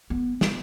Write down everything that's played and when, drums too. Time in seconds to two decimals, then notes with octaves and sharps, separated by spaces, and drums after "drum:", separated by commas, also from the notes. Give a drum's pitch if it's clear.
0.10 B3
0.41 C4, drum: snare